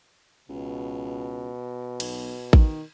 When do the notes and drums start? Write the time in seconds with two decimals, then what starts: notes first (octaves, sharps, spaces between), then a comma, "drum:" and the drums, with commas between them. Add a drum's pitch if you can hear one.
0.49 C#2 B2
2.00 B1, drum: cymbal
2.53 D#3, drum: kick A1